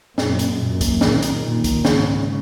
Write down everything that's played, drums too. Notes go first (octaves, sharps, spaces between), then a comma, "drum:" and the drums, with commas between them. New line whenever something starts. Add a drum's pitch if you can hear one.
F#2 A#2, drum: snare
drum: hi-hat
F#2 A#2
drum: kick C#2, hi-hat
A#2 D#3, drum: snare
drum: hi-hat
A#2 D#3
drum: kick C#2, hi-hat
G#2 C#3, drum: snare